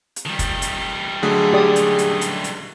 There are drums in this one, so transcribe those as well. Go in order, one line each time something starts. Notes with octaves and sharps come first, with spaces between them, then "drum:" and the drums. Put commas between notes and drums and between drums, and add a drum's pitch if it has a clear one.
drum: hi-hat
D#3 G3
drum: kick, hi-hat
drum: hi-hat
D3 F#3 A3 G#4
G4 D5 D#6
drum: hi-hat
drum: hi-hat
drum: hi-hat
drum: hi-hat